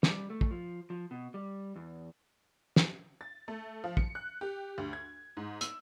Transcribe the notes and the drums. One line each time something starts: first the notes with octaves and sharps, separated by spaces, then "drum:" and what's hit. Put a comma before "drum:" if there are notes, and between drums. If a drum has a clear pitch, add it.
G3, drum: snare
A3
drum: kick
F3
F3
B2
G3
E2
drum: snare
A6
A3
F3
C#7, drum: kick
F#6
G4
D2
G#6
G#2
E6, drum: hi-hat